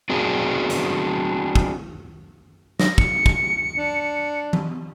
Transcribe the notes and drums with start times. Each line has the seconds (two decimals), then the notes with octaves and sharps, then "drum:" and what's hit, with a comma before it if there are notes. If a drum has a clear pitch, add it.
0.10 C4 D4 F#4 G#4
0.70 drum: hi-hat
1.56 drum: kick
2.80 A#6, drum: snare
2.98 C#7, drum: kick
3.26 drum: kick
3.76 D4
4.53 drum: tom E3